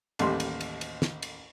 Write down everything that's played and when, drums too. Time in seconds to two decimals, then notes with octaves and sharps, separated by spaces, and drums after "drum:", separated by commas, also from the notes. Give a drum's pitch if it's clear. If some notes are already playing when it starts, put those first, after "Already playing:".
0.19 A1 D#2 G3 C6, drum: cymbal
0.40 drum: cymbal
0.61 drum: cymbal
0.81 drum: cymbal
1.02 drum: snare
1.23 drum: cymbal